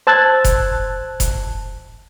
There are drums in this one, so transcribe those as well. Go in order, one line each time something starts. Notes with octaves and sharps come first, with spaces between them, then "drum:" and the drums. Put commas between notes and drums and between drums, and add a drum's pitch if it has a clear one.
C5 A5 E6 F#6 G#6 A6
drum: kick F1, hi-hat
drum: kick F1, hi-hat